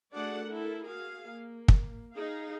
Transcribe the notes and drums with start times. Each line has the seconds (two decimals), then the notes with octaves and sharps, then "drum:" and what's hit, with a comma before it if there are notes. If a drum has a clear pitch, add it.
0.13 A3 D4 F#4 G#4 D5 F#5
0.45 E4 A4 A#4
0.85 F#4 G#4 F5
1.28 A#3
1.68 drum: kick
2.12 D#4 G#4 F5